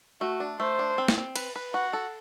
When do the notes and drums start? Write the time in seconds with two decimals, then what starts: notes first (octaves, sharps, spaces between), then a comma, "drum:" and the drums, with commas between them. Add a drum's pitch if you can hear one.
0.21 A3 F#4
0.40 D4
0.60 A3 C5
0.79 D4
0.98 C4
1.08 drum: snare
1.18 C4
1.36 B4, drum: cymbal
1.56 B4
1.74 F#4 F#5
1.93 A4